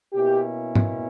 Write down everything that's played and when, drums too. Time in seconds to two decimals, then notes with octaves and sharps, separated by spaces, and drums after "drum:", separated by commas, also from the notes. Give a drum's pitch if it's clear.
0.13 B2 A#3 C#4 E4 G4
0.75 drum: tom